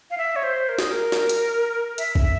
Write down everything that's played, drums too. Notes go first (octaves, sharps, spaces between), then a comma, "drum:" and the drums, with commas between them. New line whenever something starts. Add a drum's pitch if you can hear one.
F5
E5
C#5
C5
A#4
G#4, drum: snare
A#4
drum: snare
drum: hi-hat
E5, drum: hi-hat
drum: kick A#1